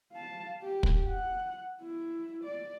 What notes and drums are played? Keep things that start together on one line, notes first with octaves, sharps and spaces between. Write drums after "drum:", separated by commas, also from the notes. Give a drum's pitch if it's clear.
F5 A5
G4
drum: kick
F#5
E4
D5